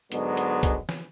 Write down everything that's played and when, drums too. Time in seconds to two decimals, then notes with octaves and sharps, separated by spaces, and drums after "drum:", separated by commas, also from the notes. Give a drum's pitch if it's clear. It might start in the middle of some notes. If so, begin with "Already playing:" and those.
0.12 G#2 D3 F#3 G#3 B3, drum: hi-hat
0.37 drum: hi-hat
0.63 drum: kick C2, hi-hat
0.89 drum: snare